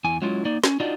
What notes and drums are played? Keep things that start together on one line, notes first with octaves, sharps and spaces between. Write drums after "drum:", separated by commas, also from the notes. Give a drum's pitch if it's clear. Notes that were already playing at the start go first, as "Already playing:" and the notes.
E2 E4 G#5
F#3 G#3 C#4 E4 F4
A#3 D#4 D5
C#4, drum: snare
D4 D#4 F4 F#4 D5 D#5